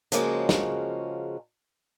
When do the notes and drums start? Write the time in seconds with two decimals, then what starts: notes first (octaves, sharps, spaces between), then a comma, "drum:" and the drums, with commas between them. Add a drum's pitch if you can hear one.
0.12 C#3 F3 G#3 A#3 C#4 F#4, drum: hi-hat
0.49 drum: snare